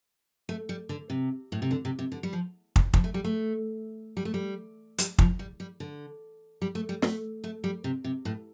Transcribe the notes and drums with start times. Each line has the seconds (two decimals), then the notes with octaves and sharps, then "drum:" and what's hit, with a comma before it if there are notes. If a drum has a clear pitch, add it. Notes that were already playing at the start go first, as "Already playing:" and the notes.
0.49 A3
0.69 G3
0.89 D3
1.10 C3
1.52 A2
1.62 C3
1.71 D3
1.85 C3
1.99 C3
2.12 D3
2.23 G3
2.33 F3
2.76 drum: kick
2.94 F3, drum: kick
3.04 A3
3.14 G3
3.24 A3
4.17 G3
4.25 A3
4.34 G3
4.98 G3, drum: hi-hat
5.18 F3, drum: kick
5.39 G3
5.60 G3
5.80 D3
6.62 G3
6.75 A3
6.89 G3
7.02 A3, drum: snare
7.44 A3
7.64 G3
7.84 C3
8.04 C3
8.25 A2